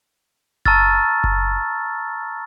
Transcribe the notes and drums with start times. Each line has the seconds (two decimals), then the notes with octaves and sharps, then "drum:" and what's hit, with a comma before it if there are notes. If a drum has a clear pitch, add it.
0.66 A5 A#5 C#6 E6 F6 A6, drum: kick F#1
1.24 drum: kick F#1